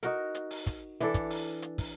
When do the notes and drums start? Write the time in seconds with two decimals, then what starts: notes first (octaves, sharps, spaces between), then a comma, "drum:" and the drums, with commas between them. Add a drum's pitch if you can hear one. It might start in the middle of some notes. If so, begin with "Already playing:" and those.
0.03 D#4 F#4 A#4, drum: hi-hat
0.35 drum: hi-hat
0.51 drum: open hi-hat
0.66 drum: kick, hi-hat
1.00 E3 D4 A4, drum: hi-hat
1.14 drum: kick, hi-hat
1.30 drum: open hi-hat
1.62 drum: hi-hat
1.78 drum: kick, open hi-hat